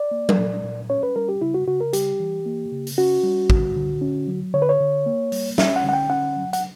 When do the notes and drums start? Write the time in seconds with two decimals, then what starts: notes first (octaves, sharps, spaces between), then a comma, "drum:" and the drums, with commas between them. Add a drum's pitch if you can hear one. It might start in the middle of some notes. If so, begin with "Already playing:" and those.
Already playing: D5
0.11 A#3
0.29 drum: tom F#3
0.38 A#2
0.64 A#2
0.90 C#4 C#5
1.03 B4
1.16 G3 A#4
1.29 G4
1.41 C#3 E4
1.54 F#4
1.67 C#3 F#4
1.81 A#4
1.93 G3 G4, drum: hi-hat
2.20 E3
2.46 A#3
2.72 C#3
2.87 drum: open hi-hat
2.98 C#4 F#4
3.24 G3
3.50 D3, drum: kick
3.76 D3
4.02 C#4
4.28 F#3
4.54 D3 C#5
4.62 B4
4.69 C#5
4.80 D3
5.06 A#3
5.32 G3, drum: open hi-hat
5.58 C#4 E5, drum: snare
5.76 F#5
5.83 D3
5.89 F#5
5.93 G5
6.10 C#4 F#5
6.36 F#3
6.53 F#5, drum: hi-hat